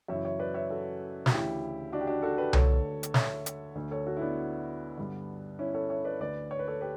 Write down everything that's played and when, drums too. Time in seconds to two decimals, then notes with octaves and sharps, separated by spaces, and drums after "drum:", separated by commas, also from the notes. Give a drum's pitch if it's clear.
0.08 F#2 C#3 E3 C#5 E5
0.25 C#5 E5
0.39 B4 D5
0.54 C#5 E5
0.70 F#4 A4
1.26 F#4, drum: snare
1.31 D2 C#3 E3 E4 G4
1.92 D4 F#4
2.01 G4
2.07 D4 F#4
2.22 F#4 A4
2.38 G4 B4
2.53 D2 D3 A4 C#5, drum: tom C2
3.03 drum: hi-hat
3.14 C#5 E5, drum: snare
3.46 drum: hi-hat
3.75 D2 D3
3.91 A4 C#5
4.06 F#4 A4
4.17 E4
4.21 B3 D4
4.97 G2 D3
5.59 C#4 E4
5.74 A4 C#5
5.90 C#5 E5
6.05 B4 D5
6.20 D2 D3 B4 D5
6.51 C#5
6.59 B4
6.68 A4 C#5
6.81 G4 B4